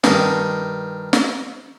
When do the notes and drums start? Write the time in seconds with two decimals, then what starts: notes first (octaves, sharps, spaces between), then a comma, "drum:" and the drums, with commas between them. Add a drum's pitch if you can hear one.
0.04 G2 D#3, drum: snare
1.13 drum: snare